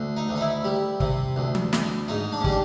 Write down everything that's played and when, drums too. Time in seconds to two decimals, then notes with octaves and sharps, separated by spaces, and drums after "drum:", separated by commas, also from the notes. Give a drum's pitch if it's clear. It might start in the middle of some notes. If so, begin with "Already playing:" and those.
Already playing: D2
0.16 D#4
0.29 D2
0.36 D#4
0.40 E4
0.64 G3
1.00 C3, drum: kick
1.36 D2
1.55 drum: tom
1.73 D2, drum: snare
2.08 G#2 D#4
2.32 D4
2.41 C#4
2.44 G3 D4, drum: kick